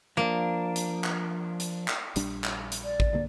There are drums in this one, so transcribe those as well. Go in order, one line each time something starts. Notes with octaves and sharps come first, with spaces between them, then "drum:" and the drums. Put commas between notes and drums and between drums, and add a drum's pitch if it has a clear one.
F3 A#3 D4
drum: hi-hat
drum: clap
drum: hi-hat
drum: clap
A#1 G3 D4, drum: hi-hat
drum: clap
drum: hi-hat
D5
drum: kick
B1 D3 A#3